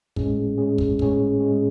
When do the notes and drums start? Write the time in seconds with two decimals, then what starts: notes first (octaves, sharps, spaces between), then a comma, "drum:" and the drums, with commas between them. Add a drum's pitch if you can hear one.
0.16 A2 G#3 C#4 G#4, drum: kick
0.58 A2 G#3 C#4 G#4
0.78 drum: kick
0.99 A2 G#3 C#4 G#4, drum: kick
1.40 A2 G#3 C#4 G#4